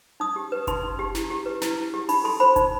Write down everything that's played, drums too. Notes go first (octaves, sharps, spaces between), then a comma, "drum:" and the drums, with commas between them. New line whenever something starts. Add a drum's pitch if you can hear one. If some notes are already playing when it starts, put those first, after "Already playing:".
D#4 D#6
G4
B4
D#4 C6, drum: kick F#1, hi-hat
D#4
G4
E4, drum: snare
G4
B4
E4, drum: snare
E4
G4
D#4 B5, drum: open hi-hat
A4 C6
C5 B5
D#4, drum: kick F#1, hi-hat